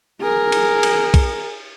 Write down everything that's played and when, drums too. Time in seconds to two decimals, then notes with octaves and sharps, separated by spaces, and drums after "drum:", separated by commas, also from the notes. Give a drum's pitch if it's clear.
0.22 G#4 A#4
0.52 drum: cymbal
0.83 drum: cymbal
1.14 drum: kick, cymbal